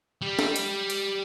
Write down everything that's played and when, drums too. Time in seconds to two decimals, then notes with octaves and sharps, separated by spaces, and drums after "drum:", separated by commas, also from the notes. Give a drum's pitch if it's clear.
0.22 G3
0.39 drum: snare
0.56 drum: hi-hat
0.90 drum: hi-hat